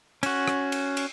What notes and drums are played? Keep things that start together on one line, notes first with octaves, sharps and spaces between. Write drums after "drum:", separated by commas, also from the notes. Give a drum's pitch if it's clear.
C#4 F#4, drum: cymbal
drum: rim click
drum: cymbal
drum: cymbal